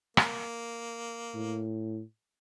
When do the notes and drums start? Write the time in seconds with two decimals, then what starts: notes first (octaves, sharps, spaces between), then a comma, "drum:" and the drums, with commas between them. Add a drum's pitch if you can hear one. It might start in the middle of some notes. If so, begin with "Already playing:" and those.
0.17 A#3, drum: rim click
1.35 A2